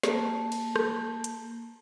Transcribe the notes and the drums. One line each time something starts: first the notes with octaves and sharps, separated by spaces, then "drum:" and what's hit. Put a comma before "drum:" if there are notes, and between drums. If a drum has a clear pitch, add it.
A#3 A5, drum: snare
drum: cymbal
drum: rim click
drum: hi-hat